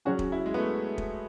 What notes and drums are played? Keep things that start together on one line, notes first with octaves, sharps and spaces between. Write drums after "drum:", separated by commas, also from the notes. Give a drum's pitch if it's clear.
F#3 C#4 F#4 G#4
drum: kick
E4
G#3
B3
A3
drum: kick